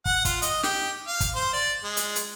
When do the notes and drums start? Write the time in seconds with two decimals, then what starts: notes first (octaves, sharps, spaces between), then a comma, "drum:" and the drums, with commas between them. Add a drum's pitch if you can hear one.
0.06 F#5, drum: kick
0.25 F4, drum: kick, hi-hat
0.42 D#5, drum: hi-hat
0.63 G4, drum: snare
1.07 F5
1.20 drum: kick, hi-hat
1.35 C5
1.53 D5
1.84 G#3
1.97 drum: hi-hat
2.16 drum: hi-hat